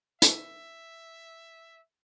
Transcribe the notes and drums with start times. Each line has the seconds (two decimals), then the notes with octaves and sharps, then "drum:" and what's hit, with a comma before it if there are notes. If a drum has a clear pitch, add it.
0.22 B4 E5, drum: hi-hat